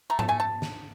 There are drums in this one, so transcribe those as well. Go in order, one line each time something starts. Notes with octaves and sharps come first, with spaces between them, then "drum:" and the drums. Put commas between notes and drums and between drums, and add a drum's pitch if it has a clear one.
A3 A#5
A5, drum: tom G#2
A3 G#5
A5
drum: snare